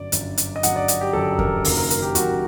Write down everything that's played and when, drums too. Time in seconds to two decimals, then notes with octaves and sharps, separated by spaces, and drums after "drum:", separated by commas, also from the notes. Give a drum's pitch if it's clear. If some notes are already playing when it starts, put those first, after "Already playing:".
Already playing: G1 F#2 F#3 D5
0.12 G1 F#2 F#3, drum: hi-hat
0.37 drum: hi-hat
0.56 D#5
0.63 G1 F#2 F#3 F#5, drum: hi-hat
0.76 D5
0.88 drum: hi-hat
1.01 G4
1.13 G1 F#2 F#3 A4
1.39 A#4, drum: kick E2
1.65 F#1 F#2 D#3 F#3 A#4, drum: open hi-hat
1.77 A#4
1.90 A#4, drum: hi-hat
2.02 G4
2.15 F#1 F#2 D#3 F#3 F#4, drum: hi-hat